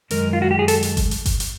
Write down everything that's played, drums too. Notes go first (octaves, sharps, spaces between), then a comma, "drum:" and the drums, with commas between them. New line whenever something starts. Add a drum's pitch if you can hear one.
F#2 D#3 G#3 A#4, drum: hi-hat
F4
F#4
G4
G#4
A4, drum: hi-hat
drum: hi-hat
drum: kick G1, hi-hat
drum: hi-hat
drum: kick G1, hi-hat
drum: hi-hat